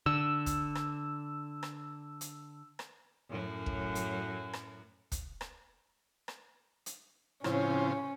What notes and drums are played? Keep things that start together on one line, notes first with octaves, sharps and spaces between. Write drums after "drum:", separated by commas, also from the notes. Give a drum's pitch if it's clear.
D3 E6
drum: kick, hi-hat
drum: rim click
drum: rim click
drum: hi-hat
drum: rim click
F#2 A2 F#3
drum: kick
drum: hi-hat
drum: rim click
drum: kick, hi-hat
drum: rim click
drum: rim click
drum: hi-hat
A2 C#3 F3 C4 C#4, drum: rim click